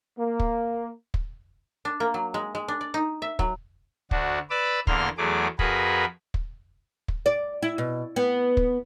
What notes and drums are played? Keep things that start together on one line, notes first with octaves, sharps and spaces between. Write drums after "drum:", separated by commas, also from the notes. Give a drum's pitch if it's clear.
A#3
drum: kick
drum: kick
D4
A#3
F#3
G#3
G#3
D4
D5
D#4
E5
F#3, drum: kick
D2 D4 F#4, drum: kick
B4 D5 D6 E6
E2 D3 A#3 C6 F6, drum: kick
E2 F#3 A3 G#4 D6
F2 F#4 G#4 A#4 B4 B5, drum: kick
drum: kick
drum: kick
D5
E4
B2
B3
drum: kick